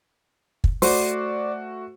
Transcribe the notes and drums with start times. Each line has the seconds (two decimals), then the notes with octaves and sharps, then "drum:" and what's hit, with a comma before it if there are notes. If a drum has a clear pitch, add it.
0.64 drum: kick
0.82 A3 F#4 C5 D5, drum: open hi-hat